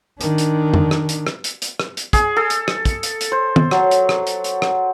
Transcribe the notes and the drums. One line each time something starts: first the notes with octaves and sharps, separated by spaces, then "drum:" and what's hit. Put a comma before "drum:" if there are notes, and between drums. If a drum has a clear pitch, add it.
D#3 D4, drum: hi-hat
drum: hi-hat
drum: tom F2
drum: rim click
drum: hi-hat
drum: rim click
drum: hi-hat
drum: hi-hat
drum: rim click
drum: hi-hat
G#4, drum: kick, hi-hat
A4
drum: hi-hat
drum: rim click
drum: kick, hi-hat
drum: hi-hat
drum: hi-hat
C5
drum: tom
F#3, drum: rim click
drum: hi-hat
drum: rim click
drum: hi-hat
drum: hi-hat
drum: rim click